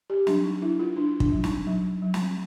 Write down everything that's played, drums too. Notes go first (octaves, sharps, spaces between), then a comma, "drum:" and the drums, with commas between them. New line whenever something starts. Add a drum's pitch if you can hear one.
G4
F#3 D4, drum: snare
D#4
D4 E4
F4
D4 F4
D4, drum: kick
F#3
D#4, drum: snare
F#3
F#3
drum: snare